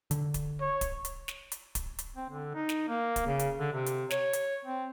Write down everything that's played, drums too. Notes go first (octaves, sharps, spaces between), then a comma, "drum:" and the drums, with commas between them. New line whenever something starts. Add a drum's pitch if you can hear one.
D3, drum: hi-hat
drum: kick D1, hi-hat
C#5
drum: kick D1, hi-hat
drum: hi-hat
drum: snare
drum: hi-hat
drum: kick D1, hi-hat
drum: hi-hat
C4
D3
D#4
drum: snare
A#3
drum: kick D1, hi-hat
C#3
drum: hi-hat
D3
C3
drum: hi-hat
C#5, drum: snare
drum: hi-hat
C4